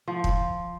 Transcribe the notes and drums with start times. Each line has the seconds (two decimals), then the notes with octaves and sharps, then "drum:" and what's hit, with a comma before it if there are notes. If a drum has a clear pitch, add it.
0.08 F3
0.24 drum: kick